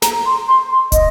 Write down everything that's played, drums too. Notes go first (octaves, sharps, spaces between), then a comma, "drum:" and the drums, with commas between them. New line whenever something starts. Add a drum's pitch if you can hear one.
A#5, drum: snare
C6
C6
C6
D#5, drum: kick, hi-hat